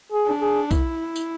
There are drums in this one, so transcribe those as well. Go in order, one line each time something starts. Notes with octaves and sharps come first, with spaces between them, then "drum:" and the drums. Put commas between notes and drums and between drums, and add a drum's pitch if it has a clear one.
G#4
D4
G#4
E4, drum: kick, tambourine
drum: tambourine